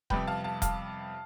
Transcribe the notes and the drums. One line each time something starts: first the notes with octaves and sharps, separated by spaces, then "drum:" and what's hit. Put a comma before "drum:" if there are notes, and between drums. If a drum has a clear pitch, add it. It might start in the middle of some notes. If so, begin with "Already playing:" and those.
F2 C3 G3 B3 G5 B5, drum: kick D#1
F5 A5
F5 A5
F5 A5, drum: kick D#1, hi-hat